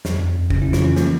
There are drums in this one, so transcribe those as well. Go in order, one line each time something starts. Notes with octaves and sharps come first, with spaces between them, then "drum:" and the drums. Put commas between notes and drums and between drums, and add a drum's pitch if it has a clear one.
F2, drum: snare
F2
F2
C#3 C#4, drum: kick
E4
F2
F4, drum: snare
E3 C#4
F3 A#3, drum: snare